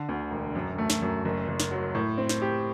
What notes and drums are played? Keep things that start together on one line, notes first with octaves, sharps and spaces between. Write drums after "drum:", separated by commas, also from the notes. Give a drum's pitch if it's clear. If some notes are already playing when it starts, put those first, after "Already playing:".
Already playing: D3
D2
E1
F#2
A3
drum: snare
F#2
F#1
F#1
drum: snare
F#3
A2
C4
drum: snare
G4